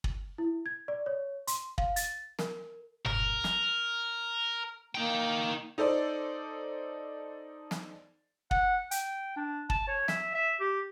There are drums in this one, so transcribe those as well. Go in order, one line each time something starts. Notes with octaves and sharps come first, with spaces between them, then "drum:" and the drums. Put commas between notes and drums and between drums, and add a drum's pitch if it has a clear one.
drum: kick
E4
G#6
D5
C#5
C6, drum: hi-hat
F5, drum: kick
A6, drum: hi-hat
A#4, drum: snare
A#4, drum: tom F#1
drum: snare
A#3 D#4 G5
D#4 A4 C5 D5
drum: snare
F#5, drum: kick
G5, drum: hi-hat
D4
A5, drum: kick
C#5
E5, drum: snare
E5
G4